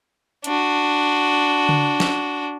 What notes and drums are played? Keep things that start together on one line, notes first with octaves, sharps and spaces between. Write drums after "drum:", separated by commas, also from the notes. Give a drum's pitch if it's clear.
D4 F#4, drum: hi-hat
drum: tom C#3
drum: snare